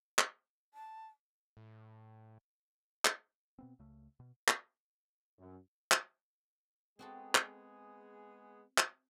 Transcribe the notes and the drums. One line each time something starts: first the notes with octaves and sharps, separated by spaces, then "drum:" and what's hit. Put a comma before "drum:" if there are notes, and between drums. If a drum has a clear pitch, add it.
drum: clap
A5
A2
drum: clap
B2 B3 C4
C#2 C#3 A3
B2
drum: clap
F#2
drum: clap
G#3 B3 C4 F#4 G#4 A4
drum: clap
drum: clap